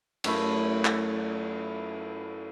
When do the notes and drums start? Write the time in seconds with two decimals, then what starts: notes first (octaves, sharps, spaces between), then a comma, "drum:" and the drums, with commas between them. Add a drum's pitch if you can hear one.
0.24 F#2 A3 E4, drum: cymbal
0.85 drum: clap